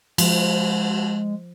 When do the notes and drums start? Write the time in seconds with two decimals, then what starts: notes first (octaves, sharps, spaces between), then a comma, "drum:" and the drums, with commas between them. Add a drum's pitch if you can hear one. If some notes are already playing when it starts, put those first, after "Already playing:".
0.18 F3 G#3, drum: cymbal